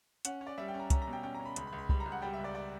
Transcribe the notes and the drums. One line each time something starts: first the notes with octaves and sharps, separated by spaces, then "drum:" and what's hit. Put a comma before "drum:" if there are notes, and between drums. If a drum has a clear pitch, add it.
C#4 F#5, drum: hi-hat
C#4
D5
G3 E5
G5
C#4
A#5
C#4 A#5, drum: kick C2, hi-hat
A#5
B2
G5
C#4 G5
A#5
C#4
B5
C#2 B5, drum: hi-hat
B5
C#2
B5
G3 B5, drum: kick C2
A#5
C#2
F#5
G3 G5
E5
C#2
D5
D5